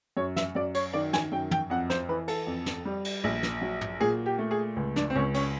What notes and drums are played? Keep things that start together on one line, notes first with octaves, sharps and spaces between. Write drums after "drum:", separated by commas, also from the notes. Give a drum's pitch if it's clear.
F#2 C#5
E5, drum: snare
F#2 D5
C#5, drum: cymbal
D#3 D5
G#5, drum: snare
F#2 G5
G5, drum: tom
F2 F#5
C5, drum: snare
E3 B4
A4, drum: cymbal
F2
drum: snare
G3
drum: cymbal
A#1
drum: snare
F#3
drum: tom
A#2 G#4
G4
A3
G#4
C#2
D4, drum: snare
C4
C#2 C#4
C#4, drum: cymbal